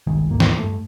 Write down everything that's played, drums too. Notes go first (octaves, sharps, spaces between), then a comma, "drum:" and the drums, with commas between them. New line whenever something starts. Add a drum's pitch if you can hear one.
G1 C2 D#3 G#3
D#1 B1 G#2 A#3
drum: snare
G2 A3